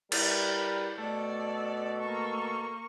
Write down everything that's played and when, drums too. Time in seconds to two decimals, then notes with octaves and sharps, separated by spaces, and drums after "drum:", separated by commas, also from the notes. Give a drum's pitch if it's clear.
0.12 G3 E4 A#4 B4, drum: cymbal
0.98 B2 A3 A4 C#5 D5
2.01 A#3 C#6